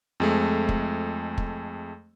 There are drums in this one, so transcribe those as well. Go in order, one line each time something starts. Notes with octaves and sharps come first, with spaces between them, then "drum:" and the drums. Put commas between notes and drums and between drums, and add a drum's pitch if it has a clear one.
F2 G#3 A3
drum: kick
drum: kick